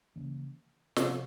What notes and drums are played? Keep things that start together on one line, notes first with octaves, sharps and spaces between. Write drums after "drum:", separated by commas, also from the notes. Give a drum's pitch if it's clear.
C#3 E3 A#3 C#4
C3 F3 C4, drum: snare